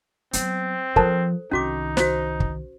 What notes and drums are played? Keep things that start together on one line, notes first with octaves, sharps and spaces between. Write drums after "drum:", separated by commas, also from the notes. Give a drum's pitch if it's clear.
F#3 B3 C4, drum: hi-hat
F3 A4 A#4 C5 A5, drum: kick
C2 D#3 C#4 D#4 F#4 D6
F#4 C5, drum: snare
drum: kick